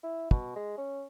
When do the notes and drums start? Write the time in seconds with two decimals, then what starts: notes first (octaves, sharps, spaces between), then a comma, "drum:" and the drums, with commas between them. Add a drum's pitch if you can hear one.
0.03 E4
0.31 B2, drum: kick
0.56 G#3
0.78 C#4